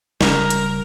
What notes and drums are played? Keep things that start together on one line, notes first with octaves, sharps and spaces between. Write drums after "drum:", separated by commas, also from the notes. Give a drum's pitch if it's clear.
D1 C#3 G3 A#4 A#5, drum: snare
drum: hi-hat